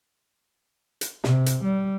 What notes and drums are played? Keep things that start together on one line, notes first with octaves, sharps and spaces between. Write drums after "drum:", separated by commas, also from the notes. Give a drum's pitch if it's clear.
drum: hi-hat
C3, drum: snare
drum: hi-hat
G3